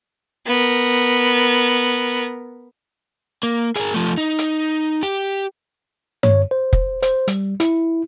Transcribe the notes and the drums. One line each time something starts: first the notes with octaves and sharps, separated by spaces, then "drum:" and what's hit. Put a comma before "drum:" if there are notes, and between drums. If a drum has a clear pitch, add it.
B3 A#4
A#3
G#4 A#4, drum: hi-hat
F3 A3
D#4
drum: hi-hat
G4
C#5, drum: tom G2
C5
drum: kick F1
C5, drum: hi-hat
G3, drum: hi-hat
E4, drum: hi-hat